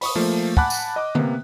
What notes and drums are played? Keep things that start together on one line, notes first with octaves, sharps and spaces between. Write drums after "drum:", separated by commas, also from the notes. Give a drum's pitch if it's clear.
B5 C#6 D#6, drum: open hi-hat
F3 A3 A#3
F#5 G#5 A5 B5 D6 F#6, drum: kick
drum: tambourine
D#5 D6
C3 A#3 B3, drum: tom D3